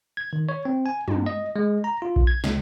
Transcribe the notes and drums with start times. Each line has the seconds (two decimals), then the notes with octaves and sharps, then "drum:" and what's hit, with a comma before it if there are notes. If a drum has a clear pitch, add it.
0.17 G#6
0.33 D#3
0.49 C#5
0.65 C4
0.86 G#5
1.08 G2, drum: tom
1.26 D#5
1.56 G#3
1.84 A#5
2.02 F4
2.16 drum: kick A#1
2.27 G#6
2.44 C#2, drum: snare